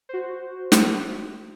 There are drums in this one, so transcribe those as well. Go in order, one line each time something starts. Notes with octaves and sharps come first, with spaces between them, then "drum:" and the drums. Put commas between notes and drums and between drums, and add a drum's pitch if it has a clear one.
F#4 C5
drum: snare